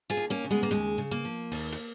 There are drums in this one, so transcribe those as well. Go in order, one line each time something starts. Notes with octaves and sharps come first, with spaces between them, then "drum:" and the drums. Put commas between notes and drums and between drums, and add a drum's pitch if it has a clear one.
F4 G#4
D#2
A#3 C#4
C#3
G#3 B3
A#3
D#2 G#3, drum: hi-hat
C#3
A#3
F3
D#2, drum: open hi-hat
drum: hi-hat